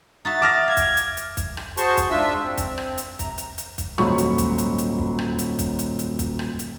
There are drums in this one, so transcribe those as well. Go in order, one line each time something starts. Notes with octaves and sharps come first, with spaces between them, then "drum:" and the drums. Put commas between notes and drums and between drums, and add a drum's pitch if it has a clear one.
D#4 F#4 E5 A6
D#5 E5 A5 D6 F6 A#6
F5 G#6
drum: kick, hi-hat
drum: hi-hat
drum: hi-hat
drum: kick, hi-hat
drum: rim click
F#4 G#4 C5 A5 C6 C#6, drum: hi-hat
drum: kick, hi-hat
G#2 D4 F4 E5 E6
C4
drum: kick, hi-hat
drum: rim click
drum: hi-hat
C3 A#5, drum: kick, hi-hat
drum: hi-hat
drum: hi-hat
drum: kick, hi-hat
D#1 G#2 F#3 B5 C#6, drum: rim click
drum: hi-hat
drum: kick, hi-hat
drum: hi-hat
drum: hi-hat
drum: kick
drum: rim click
drum: hi-hat
drum: kick, hi-hat
drum: hi-hat
drum: hi-hat
drum: kick, hi-hat
drum: rim click
drum: hi-hat